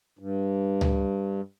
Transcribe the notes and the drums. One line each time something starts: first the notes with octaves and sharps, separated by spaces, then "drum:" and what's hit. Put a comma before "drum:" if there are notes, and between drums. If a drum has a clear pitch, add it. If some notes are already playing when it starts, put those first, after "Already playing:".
G2
drum: tom C#2